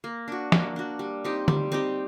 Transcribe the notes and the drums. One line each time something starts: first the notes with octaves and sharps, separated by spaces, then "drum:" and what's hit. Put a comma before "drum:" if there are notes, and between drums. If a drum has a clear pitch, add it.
A#3
D4 F#4
A#3, drum: snare
D4 F#4
G3
C4 D#4 G4
G3, drum: tom D3
C4 D#4 G4